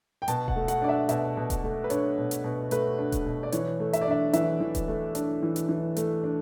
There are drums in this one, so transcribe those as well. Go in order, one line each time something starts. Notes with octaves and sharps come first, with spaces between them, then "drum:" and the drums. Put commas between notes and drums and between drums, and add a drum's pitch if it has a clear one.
G5
B2 A5, drum: hi-hat
F#5, drum: kick D#1
A3
F#5, drum: hi-hat
D4 D5
E5
B2 E5, drum: hi-hat
B2
drum: kick D#1, hi-hat
A3
B4
D4 C#5, drum: hi-hat
B2
drum: hi-hat
B2
A3 B4, drum: hi-hat
D4
drum: kick D#1, hi-hat
B2
D5
E3 C#5, drum: hi-hat
A3
E5, drum: hi-hat
D5
D4 E5
E3 E5, drum: hi-hat
E3
drum: kick D#1, hi-hat
A3
D4, drum: hi-hat
E3
drum: hi-hat
E3
A3, drum: hi-hat
D4